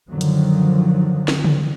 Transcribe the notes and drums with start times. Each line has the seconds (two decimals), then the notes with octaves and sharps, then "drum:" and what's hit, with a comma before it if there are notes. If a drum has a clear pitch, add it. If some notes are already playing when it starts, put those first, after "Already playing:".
0.10 F#2 D3 D#3 F3 F#3
0.21 drum: hi-hat
1.28 drum: snare
1.44 drum: tom